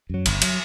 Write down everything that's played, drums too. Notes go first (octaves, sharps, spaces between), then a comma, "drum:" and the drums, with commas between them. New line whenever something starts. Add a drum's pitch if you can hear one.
F#2 F#3
G1, drum: cymbal
F#3, drum: cymbal